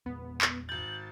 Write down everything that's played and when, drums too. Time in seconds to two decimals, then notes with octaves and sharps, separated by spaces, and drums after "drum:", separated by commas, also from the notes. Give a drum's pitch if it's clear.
0.06 E2 A#2 G#3 B3
0.41 drum: clap
0.69 G#1 G6 A6 F#7